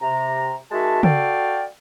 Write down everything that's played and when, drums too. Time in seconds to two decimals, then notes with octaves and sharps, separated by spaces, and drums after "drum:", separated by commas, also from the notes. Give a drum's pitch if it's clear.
0.02 C3 A#5
0.72 D#3 G#3 F#4 E5 A5
1.03 F#4 A4 D5 F5 G5, drum: tom C#3